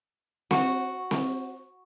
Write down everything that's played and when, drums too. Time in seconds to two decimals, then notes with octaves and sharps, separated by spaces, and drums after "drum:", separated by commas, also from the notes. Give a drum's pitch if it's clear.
0.51 F#4, drum: snare C4
1.11 drum: snare C4